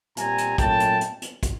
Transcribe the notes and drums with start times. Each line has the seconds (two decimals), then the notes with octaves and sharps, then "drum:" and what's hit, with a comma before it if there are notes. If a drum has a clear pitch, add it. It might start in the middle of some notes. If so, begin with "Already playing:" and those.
0.17 A#2 G3 C4 G#5 A#5, drum: hi-hat
0.38 drum: hi-hat
0.58 A#2 F#3 A3 C#4 G5 A5, drum: kick, hi-hat
0.80 drum: hi-hat
1.01 drum: hi-hat
1.22 drum: hi-hat
1.43 drum: kick, hi-hat